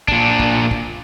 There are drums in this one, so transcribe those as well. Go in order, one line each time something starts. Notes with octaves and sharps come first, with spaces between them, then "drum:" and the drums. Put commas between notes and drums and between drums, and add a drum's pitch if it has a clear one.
A#2 D4, drum: kick
drum: kick
drum: kick